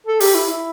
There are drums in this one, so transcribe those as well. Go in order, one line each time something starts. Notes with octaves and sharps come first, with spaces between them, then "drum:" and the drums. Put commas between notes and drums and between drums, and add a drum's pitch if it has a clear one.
A4
G4, drum: open hi-hat
E4
E4